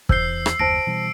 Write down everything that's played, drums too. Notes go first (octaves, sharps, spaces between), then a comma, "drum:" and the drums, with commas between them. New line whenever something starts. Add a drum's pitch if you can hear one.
E2 C5 E6 G6 C7 G7, drum: kick
drum: rim click
F#1 D#2 C5 A5 A#6 D7
B2 E3 G3